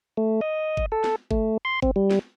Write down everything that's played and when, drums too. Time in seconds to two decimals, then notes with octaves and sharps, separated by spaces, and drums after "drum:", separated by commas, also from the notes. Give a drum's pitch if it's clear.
0.17 A3
0.41 D#5
0.77 drum: kick G1
0.92 A4
1.04 drum: snare
1.31 A3, drum: kick G1
1.65 C6
1.82 C4, drum: kick G1
1.96 G3
2.11 drum: snare